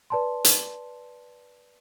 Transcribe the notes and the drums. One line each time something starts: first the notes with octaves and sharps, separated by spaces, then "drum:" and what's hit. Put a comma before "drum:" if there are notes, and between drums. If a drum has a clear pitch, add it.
B4 D5 A5 C6
drum: hi-hat